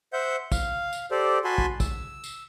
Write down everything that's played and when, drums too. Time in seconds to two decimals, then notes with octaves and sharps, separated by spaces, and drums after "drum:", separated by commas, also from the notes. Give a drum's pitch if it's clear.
0.13 C5 E5 F#5 G6
0.52 F5, drum: kick, tambourine
0.93 drum: tambourine
1.11 G4 A4 C5 D5
1.44 F#4 G#5 A5 B5 C6
1.58 drum: kick
1.80 E6, drum: kick, tambourine
2.24 drum: tambourine